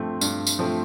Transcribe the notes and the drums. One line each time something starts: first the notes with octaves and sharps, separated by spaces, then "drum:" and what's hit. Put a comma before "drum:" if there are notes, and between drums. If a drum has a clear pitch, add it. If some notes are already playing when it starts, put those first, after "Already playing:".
Already playing: G2 F3 A3 C4
G2, drum: tambourine
drum: tambourine
F3 A3 C4